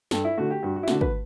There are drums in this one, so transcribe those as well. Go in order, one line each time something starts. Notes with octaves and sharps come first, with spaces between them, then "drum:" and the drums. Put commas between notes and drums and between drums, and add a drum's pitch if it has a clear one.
G2 A4, drum: snare
E4
D3 A3 F#4
G4
G2 F#4
F#4
E4
D3 A3 F#4, drum: snare
B4, drum: kick